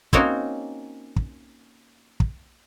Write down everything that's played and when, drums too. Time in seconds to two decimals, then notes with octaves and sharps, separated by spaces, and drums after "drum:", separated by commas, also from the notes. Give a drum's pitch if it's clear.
0.13 A#3 C4 C#4 D#4 F#4 A#4, drum: kick
1.16 drum: kick
2.20 drum: kick